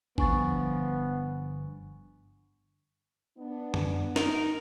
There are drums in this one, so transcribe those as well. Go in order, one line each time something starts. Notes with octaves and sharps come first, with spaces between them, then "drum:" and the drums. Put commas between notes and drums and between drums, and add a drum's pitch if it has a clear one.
G1 F3 B3 D4 G#5 C#6 A6, drum: kick G1
B3 D4
drum: tom F#2
D#4 A#4, drum: snare